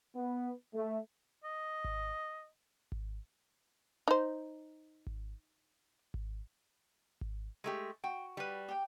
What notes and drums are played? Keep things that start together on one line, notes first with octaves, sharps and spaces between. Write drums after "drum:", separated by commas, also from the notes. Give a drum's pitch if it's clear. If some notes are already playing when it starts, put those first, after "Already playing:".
B3
A3
D#5
drum: kick G#1
drum: kick G#1
D#4 C5
drum: kick G#1
drum: kick G#1
drum: kick G#1
G#3 A3 G4
F#4 G5
G3 B4
G4 G5